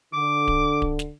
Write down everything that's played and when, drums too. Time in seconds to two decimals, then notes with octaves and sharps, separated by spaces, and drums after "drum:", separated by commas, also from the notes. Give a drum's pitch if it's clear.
0.13 D3 D6
0.48 drum: kick D1
0.82 drum: kick D1
0.99 drum: snare